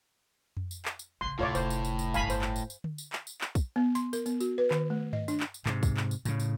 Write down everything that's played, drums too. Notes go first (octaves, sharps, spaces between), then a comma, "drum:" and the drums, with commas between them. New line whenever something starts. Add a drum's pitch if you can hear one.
drum: tom F2
drum: tambourine
drum: clap
drum: tambourine
A1 C#3 C6
D2 A2 C3 F4 C#5 D5
F1 C5, drum: tambourine
drum: tambourine
drum: tambourine
drum: tambourine
D1 G1 F5 G#5 B5, drum: tambourine
C5, drum: tambourine
drum: clap
drum: tambourine
drum: tambourine
drum: tom D3
drum: tambourine
drum: clap
drum: tambourine
drum: clap
drum: kick, tambourine
B3
C6, drum: tambourine
A#4, drum: tambourine
B3, drum: tambourine
F#4, drum: tambourine
B4
D#3, drum: clap
A3
D#5, drum: tom G2
D4, drum: tambourine
drum: clap
drum: tambourine
G#2 C3, drum: clap
drum: kick, tambourine
drum: clap
drum: tambourine
A2 C#3, drum: tambourine
drum: tambourine